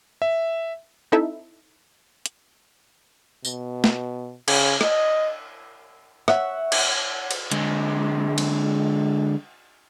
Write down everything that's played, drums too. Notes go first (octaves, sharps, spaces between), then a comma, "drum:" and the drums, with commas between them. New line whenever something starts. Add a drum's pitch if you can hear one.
E5
C4 D#4 E4 A4 E5
drum: hi-hat
B2, drum: tambourine
drum: snare
C#3, drum: cymbal
D#5, drum: rim click
C#5 E5 F#5, drum: rim click
drum: cymbal
drum: cymbal
D3 G#3, drum: hi-hat
drum: cymbal